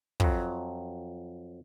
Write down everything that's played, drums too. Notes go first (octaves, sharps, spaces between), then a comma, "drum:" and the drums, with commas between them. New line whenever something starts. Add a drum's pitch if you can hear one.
F2 F#3, drum: kick